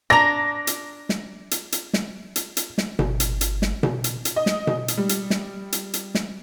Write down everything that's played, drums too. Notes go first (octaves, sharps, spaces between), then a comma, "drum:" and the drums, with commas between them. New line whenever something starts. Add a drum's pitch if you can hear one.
D4 A#5 A#6
drum: hi-hat
drum: snare
drum: hi-hat
drum: hi-hat
drum: snare
drum: hi-hat
drum: hi-hat
drum: snare
G1, drum: tom B2
drum: hi-hat
drum: hi-hat
drum: snare
drum: tom B2
drum: hi-hat
drum: hi-hat
D#5
drum: snare
drum: tom B2
drum: hi-hat
G3
drum: hi-hat
drum: snare
drum: hi-hat
drum: hi-hat
drum: snare